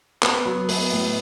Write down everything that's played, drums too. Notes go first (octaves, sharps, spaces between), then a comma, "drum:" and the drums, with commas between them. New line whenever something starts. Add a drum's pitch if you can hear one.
B3, drum: clap
F#3
B3, drum: open hi-hat
A2